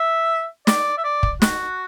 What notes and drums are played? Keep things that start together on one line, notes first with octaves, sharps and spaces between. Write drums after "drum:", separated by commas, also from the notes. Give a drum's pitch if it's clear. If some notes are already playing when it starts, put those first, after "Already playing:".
Already playing: E5
D5, drum: snare
E5
D5
drum: kick
F#4, drum: snare